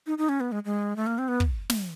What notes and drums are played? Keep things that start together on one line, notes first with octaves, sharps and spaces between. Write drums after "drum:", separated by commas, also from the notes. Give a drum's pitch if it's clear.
D#4
D#4
C#4
B3
G#3
G#3
A3
A#3
C4
B3
drum: kick
drum: snare